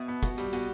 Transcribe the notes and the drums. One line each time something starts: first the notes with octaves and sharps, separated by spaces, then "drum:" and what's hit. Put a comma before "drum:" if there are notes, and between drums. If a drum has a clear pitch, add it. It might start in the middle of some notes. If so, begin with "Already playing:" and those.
Already playing: B2 E5
B3
F#4, drum: kick, hi-hat
G3, drum: hi-hat
B2 F#4, drum: hi-hat